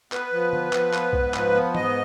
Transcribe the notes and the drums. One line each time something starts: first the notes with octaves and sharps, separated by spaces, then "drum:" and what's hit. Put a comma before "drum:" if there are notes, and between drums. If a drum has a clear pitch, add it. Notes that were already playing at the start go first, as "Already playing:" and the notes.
B3 B4, drum: clap
F3
B3, drum: tom D3
F3, drum: clap
B3, drum: clap
G#2, drum: kick B1
F3, drum: clap
B3
G#2 D#5, drum: tom